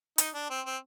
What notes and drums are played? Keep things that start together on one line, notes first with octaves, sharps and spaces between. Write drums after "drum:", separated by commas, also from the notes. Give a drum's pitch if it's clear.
D#4, drum: hi-hat
D4
C4
C4